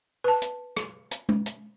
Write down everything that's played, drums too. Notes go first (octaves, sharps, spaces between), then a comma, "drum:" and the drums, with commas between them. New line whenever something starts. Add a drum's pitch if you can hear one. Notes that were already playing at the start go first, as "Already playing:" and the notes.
B4 A5
drum: hi-hat
drum: rim click
drum: hi-hat
drum: tom G#3
drum: hi-hat